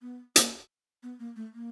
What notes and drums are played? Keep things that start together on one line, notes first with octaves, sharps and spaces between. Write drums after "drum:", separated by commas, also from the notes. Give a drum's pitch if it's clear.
B3
A#3, drum: hi-hat
B3
A#3
A3
A#3